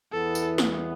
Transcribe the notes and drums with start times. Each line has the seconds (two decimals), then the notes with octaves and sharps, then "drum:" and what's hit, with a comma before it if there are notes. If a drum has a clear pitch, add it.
0.12 E2 E3 B3 E4 A4
0.35 drum: tambourine
0.58 drum: snare